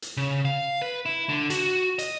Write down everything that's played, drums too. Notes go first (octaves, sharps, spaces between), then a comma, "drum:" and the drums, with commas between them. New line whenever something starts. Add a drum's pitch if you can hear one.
drum: hi-hat
C#3
F5
B4
E4
D3
F#4, drum: hi-hat
D#5, drum: hi-hat